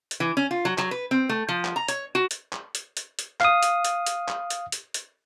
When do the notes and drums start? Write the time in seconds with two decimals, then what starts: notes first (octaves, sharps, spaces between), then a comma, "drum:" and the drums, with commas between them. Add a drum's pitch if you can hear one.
0.11 drum: hi-hat
0.20 E3
0.37 C#4
0.51 F4
0.65 F#3
0.78 F#3, drum: clap
0.91 B4
1.11 C4
1.29 A3
1.49 F3
1.65 drum: clap
1.76 A#5
1.88 C#5, drum: hi-hat
2.15 F#4
2.31 drum: hi-hat
2.53 drum: clap
2.75 drum: hi-hat
2.97 drum: hi-hat
3.19 drum: hi-hat
3.41 F5 D#6, drum: clap
3.63 drum: hi-hat
3.85 drum: hi-hat
4.06 drum: hi-hat
4.28 drum: clap
4.50 drum: hi-hat
4.72 drum: hi-hat
4.94 drum: hi-hat